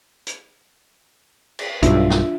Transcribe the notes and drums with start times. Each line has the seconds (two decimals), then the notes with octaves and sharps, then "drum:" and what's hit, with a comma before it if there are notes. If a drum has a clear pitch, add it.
0.27 drum: hi-hat
1.59 drum: cymbal
1.83 B1 G2 D4 F4 E5, drum: hi-hat
2.10 drum: snare